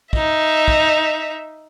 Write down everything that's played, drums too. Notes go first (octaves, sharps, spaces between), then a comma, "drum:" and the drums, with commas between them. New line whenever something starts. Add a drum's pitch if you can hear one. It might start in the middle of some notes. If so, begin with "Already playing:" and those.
D#4 E5, drum: kick
drum: kick